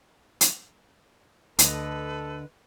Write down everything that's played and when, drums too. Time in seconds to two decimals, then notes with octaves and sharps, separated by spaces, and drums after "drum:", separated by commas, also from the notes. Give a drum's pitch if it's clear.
0.41 drum: hi-hat
1.59 D2 D3 A4 B4 D#5, drum: hi-hat